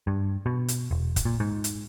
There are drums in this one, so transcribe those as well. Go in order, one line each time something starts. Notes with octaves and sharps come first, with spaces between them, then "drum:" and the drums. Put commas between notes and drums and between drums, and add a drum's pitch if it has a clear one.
G2
B2
drum: hi-hat
E1
drum: kick, hi-hat
A#2
G#2
drum: hi-hat